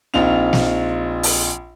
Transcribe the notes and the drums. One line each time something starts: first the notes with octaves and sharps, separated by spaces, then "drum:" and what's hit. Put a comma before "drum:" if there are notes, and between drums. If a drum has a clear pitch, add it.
A#1 C4 D#4 F4 F7
drum: snare
drum: open hi-hat